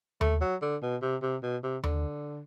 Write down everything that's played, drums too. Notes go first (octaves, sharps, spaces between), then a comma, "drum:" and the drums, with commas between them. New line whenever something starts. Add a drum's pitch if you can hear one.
A3, drum: tom D#2
F#3
D3
B2
C3
C3
B2
C3
D3, drum: tom D#2